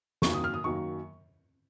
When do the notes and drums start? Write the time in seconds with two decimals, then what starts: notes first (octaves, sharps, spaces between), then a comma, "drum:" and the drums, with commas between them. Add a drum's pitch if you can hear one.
0.22 F#2 D#3 F#3 A#3 C#6, drum: snare
0.33 D#6
0.44 F6
0.54 D#6
0.64 F#2 D#3 F#3 A#3 C#6